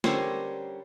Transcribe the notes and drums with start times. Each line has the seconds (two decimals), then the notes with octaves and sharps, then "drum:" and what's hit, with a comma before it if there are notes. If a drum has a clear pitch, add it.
0.04 D3 G3 C#4 A#4 C5 C#5, drum: snare